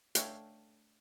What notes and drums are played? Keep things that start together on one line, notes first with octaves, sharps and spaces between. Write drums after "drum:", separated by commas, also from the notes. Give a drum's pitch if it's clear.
A3 D4 C#5 E5 F5 G5, drum: hi-hat